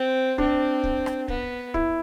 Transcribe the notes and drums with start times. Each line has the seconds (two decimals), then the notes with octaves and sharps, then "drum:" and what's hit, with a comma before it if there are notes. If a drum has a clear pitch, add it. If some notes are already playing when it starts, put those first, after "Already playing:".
Already playing: C4
0.38 C4 D4, drum: kick
0.83 drum: kick
1.06 drum: rim click
1.28 B3, drum: kick
1.74 E4, drum: kick